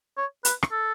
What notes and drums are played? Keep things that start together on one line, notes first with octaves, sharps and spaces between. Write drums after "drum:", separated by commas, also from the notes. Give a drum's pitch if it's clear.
C#5
B4, drum: hi-hat
drum: rim click
A4